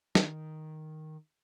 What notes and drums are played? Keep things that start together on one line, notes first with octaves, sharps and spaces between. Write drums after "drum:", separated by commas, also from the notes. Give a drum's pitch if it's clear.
D#3, drum: snare